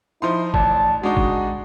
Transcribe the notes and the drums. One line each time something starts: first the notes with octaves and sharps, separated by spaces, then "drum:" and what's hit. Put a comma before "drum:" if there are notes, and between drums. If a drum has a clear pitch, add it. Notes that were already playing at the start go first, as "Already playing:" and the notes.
F3 D#4 E4 C6
A1 D5 A5, drum: kick
G#3 D4 D#4 F#4
drum: kick